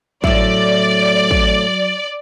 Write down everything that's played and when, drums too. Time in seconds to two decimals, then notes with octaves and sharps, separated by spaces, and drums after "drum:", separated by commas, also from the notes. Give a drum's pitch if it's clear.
0.24 A2 F#3 E4 D5, drum: kick
1.31 drum: kick